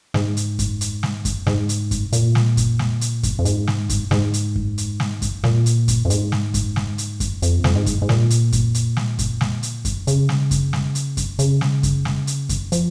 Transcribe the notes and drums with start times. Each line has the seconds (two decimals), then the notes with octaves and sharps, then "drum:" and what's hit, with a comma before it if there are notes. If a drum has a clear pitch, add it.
0.14 G#2, drum: snare
0.37 drum: hi-hat
0.59 drum: kick F#2, hi-hat
0.81 drum: hi-hat
1.03 drum: snare
1.25 drum: kick F#2, hi-hat
1.47 G#2, drum: snare
1.69 drum: hi-hat
1.91 drum: kick F#2, hi-hat
2.13 A#2, drum: hi-hat
2.35 drum: snare
2.57 drum: kick F#2, hi-hat
2.79 drum: snare
3.01 drum: hi-hat
3.23 drum: kick F#2, hi-hat
3.39 F2
3.45 G#2, drum: hi-hat
3.67 drum: snare
3.89 drum: kick F#2, hi-hat
4.11 G#2, drum: snare
4.34 drum: hi-hat
4.56 drum: kick F#2
4.78 drum: hi-hat
5.00 drum: snare
5.22 drum: kick F#2, hi-hat
5.44 A#2, drum: snare
5.66 drum: hi-hat
5.88 drum: kick F#2, hi-hat
6.05 F2
6.10 G#2, drum: hi-hat
6.32 drum: snare
6.54 drum: kick F#2, hi-hat
6.76 drum: snare
6.98 drum: hi-hat
7.20 drum: kick F#2, hi-hat
7.42 F2, drum: hi-hat
7.64 F2, drum: snare
7.76 G#2
7.86 drum: kick F#2, hi-hat
8.02 G#2
8.09 A#2, drum: snare
8.30 drum: hi-hat
8.52 drum: kick F#2, hi-hat
8.74 drum: hi-hat
8.97 drum: snare
9.19 drum: kick F#2, hi-hat
9.41 drum: snare
9.63 drum: hi-hat
9.85 drum: kick F#2, hi-hat
10.07 C#3, drum: hi-hat
10.29 drum: snare
10.51 drum: kick F#2, hi-hat
10.73 drum: snare
10.95 drum: hi-hat
11.17 drum: kick F#2, hi-hat
11.39 C#3, drum: hi-hat
11.61 drum: snare
11.83 drum: kick F#2, hi-hat
12.05 drum: snare
12.27 drum: hi-hat
12.49 drum: kick F#2, hi-hat
12.72 F3, drum: hi-hat